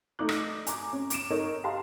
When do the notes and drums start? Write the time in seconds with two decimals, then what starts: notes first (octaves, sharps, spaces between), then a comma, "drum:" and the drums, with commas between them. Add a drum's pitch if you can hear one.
0.19 A3 D#4 D5 D6 F#6
0.29 drum: rim click
0.67 G#5 A#5 D6, drum: hi-hat
0.93 C#4
1.10 D6 D7 E7, drum: hi-hat
1.30 D#4 A4 A#4 C#5 D#5
1.64 G4 F5 A5 A#5 C6